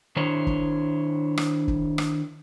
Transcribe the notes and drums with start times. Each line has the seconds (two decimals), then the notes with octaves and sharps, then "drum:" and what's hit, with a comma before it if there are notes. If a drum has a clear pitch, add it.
0.16 D#3 D4 E4 C5 C#5
0.47 drum: kick
1.37 drum: rim click
1.68 drum: kick
1.98 drum: rim click